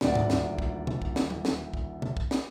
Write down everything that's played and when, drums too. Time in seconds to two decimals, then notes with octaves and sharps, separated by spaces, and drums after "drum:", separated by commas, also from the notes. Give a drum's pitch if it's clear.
0.01 D#1 D2 D5 F#5, drum: snare
0.15 drum: tom G#2
0.30 drum: snare
0.59 drum: kick
0.87 drum: tom B2
1.02 drum: kick
1.16 drum: snare
1.30 drum: tom
1.45 drum: snare
1.74 drum: kick
2.02 drum: tom B2
2.17 drum: kick
2.31 drum: snare